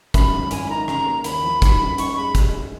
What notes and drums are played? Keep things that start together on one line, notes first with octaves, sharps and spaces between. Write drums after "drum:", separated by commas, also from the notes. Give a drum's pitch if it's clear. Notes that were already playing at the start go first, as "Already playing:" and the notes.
F#2 B5, drum: kick, hi-hat
G#1
G#1 G#5, drum: hi-hat
B5
D#3 A#5
C#3 A#5, drum: rim click
A#3
D#2 B5, drum: hi-hat
F3
D#3, drum: kick, hi-hat
F#2
F#2 C#6, drum: hi-hat
G#3 B5
drum: kick, hi-hat